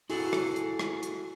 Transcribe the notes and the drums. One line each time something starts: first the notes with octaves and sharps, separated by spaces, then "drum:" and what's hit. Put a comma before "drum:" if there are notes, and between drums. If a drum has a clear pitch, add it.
E4 F#4 G#4 A4, drum: open hi-hat
drum: rim click
drum: hi-hat
drum: rim click
drum: hi-hat